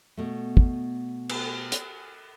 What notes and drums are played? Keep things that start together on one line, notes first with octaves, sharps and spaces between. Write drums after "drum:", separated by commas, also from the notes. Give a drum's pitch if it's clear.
B2 A3
drum: kick
drum: cymbal
drum: hi-hat